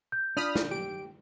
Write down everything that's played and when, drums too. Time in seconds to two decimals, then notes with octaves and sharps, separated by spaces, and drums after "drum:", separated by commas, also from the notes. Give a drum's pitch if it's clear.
0.12 G6
0.37 D4 F4 B5 D#6 F6
0.55 drum: snare
0.71 G4 D7